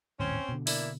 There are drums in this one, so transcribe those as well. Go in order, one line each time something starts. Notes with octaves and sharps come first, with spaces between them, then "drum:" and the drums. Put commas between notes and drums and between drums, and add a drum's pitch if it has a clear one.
D#1 G#1 A2 C4 C#4
B2 D3
A#3 D4 E4, drum: open hi-hat